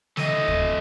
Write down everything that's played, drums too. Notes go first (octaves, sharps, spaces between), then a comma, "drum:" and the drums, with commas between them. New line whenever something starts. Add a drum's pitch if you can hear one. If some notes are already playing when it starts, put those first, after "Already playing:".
A3 D#5, drum: snare
drum: kick